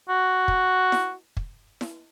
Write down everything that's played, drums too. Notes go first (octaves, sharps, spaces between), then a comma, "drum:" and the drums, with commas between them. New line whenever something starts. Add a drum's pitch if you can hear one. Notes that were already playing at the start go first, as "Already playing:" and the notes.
F#4
drum: kick
drum: snare E4
drum: kick
drum: snare E4